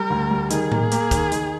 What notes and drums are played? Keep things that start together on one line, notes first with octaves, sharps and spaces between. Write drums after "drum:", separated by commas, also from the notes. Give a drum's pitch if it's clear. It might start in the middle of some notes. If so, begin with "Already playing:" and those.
Already playing: G3 A#4
D2
G3
D#3 G#4, drum: hi-hat
A#3, drum: tom A2
A#3, drum: hi-hat
D#2, drum: kick, hi-hat
D#3, drum: hi-hat